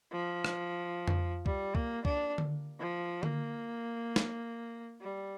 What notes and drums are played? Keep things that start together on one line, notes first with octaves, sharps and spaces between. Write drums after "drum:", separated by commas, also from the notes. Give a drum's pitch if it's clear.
F3
drum: rim click
drum: tom F2
G3, drum: kick C2
A#3, drum: kick C2
D4, drum: kick C2
drum: tom D3
F3
A#3, drum: tom D3
drum: snare
G3